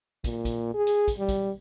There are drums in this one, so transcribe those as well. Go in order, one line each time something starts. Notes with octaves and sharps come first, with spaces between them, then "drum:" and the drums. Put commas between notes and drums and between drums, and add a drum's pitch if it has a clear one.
A#2, drum: kick, hi-hat
drum: kick, hi-hat
G#4
drum: hi-hat
drum: kick, hi-hat
G3
drum: kick, hi-hat